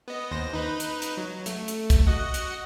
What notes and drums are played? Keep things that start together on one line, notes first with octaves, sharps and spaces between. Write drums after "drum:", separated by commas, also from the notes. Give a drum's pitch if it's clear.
B3 D#5
D#2 C5 A#6
D#4 B4
drum: hi-hat
drum: hi-hat
F#3
A3, drum: hi-hat
drum: hi-hat
drum: kick, hi-hat
F#4 D#5 F#5
drum: hi-hat